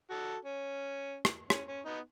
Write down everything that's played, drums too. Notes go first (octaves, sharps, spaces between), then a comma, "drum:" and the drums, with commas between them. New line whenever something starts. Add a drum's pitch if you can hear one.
F#4 A4
C#4
drum: rim click
C#4, drum: rim click
C#4
B3 D#4